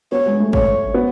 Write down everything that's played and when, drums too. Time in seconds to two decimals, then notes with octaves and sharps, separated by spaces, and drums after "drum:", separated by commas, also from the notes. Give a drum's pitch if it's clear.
0.12 B3 C#5
0.26 G#3
0.40 A3
0.53 C#5, drum: kick
0.94 B3